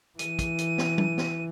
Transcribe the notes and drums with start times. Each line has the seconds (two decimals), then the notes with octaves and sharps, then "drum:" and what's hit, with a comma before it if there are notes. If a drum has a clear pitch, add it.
0.19 E3 D#7, drum: hi-hat
0.39 drum: kick, hi-hat
0.58 drum: hi-hat
0.78 drum: snare
0.98 drum: tom
1.18 drum: snare